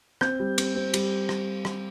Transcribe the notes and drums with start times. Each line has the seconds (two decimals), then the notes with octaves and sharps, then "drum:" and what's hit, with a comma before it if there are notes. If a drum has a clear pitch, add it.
0.21 C4 G6, drum: rim click
0.39 G3
0.58 C4, drum: cymbal
0.75 C4
0.94 G3, drum: cymbal
1.29 drum: rim click
1.65 drum: rim click